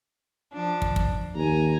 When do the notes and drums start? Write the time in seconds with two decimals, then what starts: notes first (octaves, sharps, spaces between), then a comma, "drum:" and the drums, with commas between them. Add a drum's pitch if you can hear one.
0.53 F3 D4
0.82 drum: kick
0.96 drum: kick
1.35 D#2 G#5 A#5